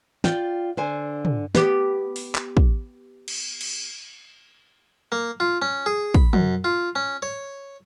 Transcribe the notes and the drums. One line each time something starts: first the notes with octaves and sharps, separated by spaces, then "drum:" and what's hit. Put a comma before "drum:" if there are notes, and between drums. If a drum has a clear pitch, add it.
F4 D5 G5, drum: snare
D3 C5 G#5
drum: tom
B3 G4, drum: snare
drum: open hi-hat
drum: clap
drum: kick
drum: cymbal
drum: cymbal
A#3
F4
C#4
G#4
B5, drum: kick
F#2, drum: tom
F4
C#4
C#5